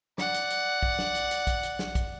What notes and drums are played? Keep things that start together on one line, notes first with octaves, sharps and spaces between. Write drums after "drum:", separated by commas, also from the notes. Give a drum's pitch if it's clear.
D5 F#5, drum: snare
drum: hi-hat
drum: hi-hat
drum: kick
drum: snare
drum: hi-hat
drum: hi-hat
drum: kick, hi-hat
drum: hi-hat
drum: snare
drum: kick, hi-hat